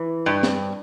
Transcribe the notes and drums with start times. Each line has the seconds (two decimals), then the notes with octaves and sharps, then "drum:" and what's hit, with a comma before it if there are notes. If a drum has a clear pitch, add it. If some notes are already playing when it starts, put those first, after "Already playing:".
Already playing: E3
0.26 G2
0.43 drum: snare